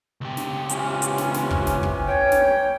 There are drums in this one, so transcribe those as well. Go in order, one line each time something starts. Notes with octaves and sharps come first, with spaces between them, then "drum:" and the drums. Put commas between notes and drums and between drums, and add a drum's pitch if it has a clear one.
C#2 G4
drum: snare
C3 E3 C#4 F4, drum: hi-hat
drum: hi-hat
drum: snare
drum: snare
drum: kick
drum: snare
drum: kick
C#5 G5
drum: snare